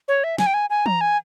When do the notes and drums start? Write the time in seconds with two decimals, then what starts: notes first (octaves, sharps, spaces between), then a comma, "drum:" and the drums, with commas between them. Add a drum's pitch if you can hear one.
0.08 C#5
0.24 E5
0.38 G#5, drum: snare
0.46 G5
0.54 G#5
0.70 G#5
0.86 A#5, drum: tom E3
1.01 G#5